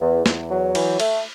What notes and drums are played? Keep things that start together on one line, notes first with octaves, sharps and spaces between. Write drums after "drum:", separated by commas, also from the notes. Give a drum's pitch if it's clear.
E2
E2, drum: snare
F#3
E3, drum: cymbal
A3, drum: cymbal